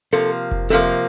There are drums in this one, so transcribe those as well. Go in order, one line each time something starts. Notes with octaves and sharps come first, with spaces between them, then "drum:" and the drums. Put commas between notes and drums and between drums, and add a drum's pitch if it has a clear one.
C3 F3 A#3 A4
drum: kick F1
C3 F3 A#3 A4